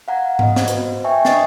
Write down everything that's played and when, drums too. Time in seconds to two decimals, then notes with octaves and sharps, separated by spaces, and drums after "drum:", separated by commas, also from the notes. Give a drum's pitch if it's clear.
0.08 F5 F#5 A#5 G#6
0.39 B3 D#5, drum: tom G#2
0.56 drum: snare
0.68 F#4 B4 C5, drum: hi-hat
1.04 E5 G5 G#5 C#6
1.25 D4 D#5 E5 C#6 A6 C7, drum: snare